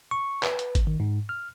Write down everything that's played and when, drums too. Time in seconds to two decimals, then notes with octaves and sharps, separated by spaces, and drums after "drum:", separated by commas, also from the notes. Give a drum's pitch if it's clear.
0.11 C#6
0.43 B4, drum: clap
0.59 drum: hi-hat
0.75 drum: kick G#1, hi-hat
0.87 D#3
1.00 G#2
1.29 F6